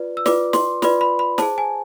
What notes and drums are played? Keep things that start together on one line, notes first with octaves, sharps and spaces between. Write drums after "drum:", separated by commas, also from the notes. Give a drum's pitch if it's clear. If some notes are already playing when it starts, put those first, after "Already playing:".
Already playing: F4 B4 D5
E6
F4 B4 D5 D6, drum: snare
C6, drum: snare
F4 B4 D5 B5, drum: snare
B5
B5
G#4 C5 A5, drum: snare
G#5